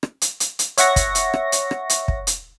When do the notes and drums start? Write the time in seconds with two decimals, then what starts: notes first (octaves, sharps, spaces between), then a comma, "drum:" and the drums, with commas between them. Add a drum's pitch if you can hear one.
0.03 drum: rim click
0.22 drum: hi-hat
0.40 drum: hi-hat
0.59 drum: hi-hat
0.78 C#5 E5 F#5 C#6 A#6, drum: hi-hat
0.96 drum: kick, hi-hat
1.15 drum: hi-hat
1.34 drum: rim click
1.52 drum: hi-hat
1.71 drum: rim click
1.90 drum: hi-hat
2.08 drum: kick
2.27 drum: hi-hat